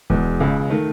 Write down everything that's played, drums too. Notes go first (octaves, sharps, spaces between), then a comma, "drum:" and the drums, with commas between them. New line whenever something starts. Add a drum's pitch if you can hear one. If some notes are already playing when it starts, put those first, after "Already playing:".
E2 B2 G#3, drum: kick D1
C#2 C#3 G#3
D#3 A3